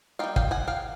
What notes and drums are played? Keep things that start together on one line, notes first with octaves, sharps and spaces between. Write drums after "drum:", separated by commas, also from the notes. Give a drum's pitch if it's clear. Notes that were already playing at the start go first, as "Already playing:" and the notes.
G3 A#3 D#4 F5 G5
F5 G5, drum: kick
F#5 G#5
F5 G5